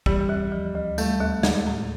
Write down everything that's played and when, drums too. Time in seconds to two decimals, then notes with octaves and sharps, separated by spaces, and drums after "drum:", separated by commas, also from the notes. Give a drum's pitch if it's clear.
0.06 E3 G3, drum: kick
0.29 D#2
0.52 F3
0.75 D2
0.98 G3 A3, drum: tambourine
1.21 D#2
1.43 G#3, drum: snare
1.67 A2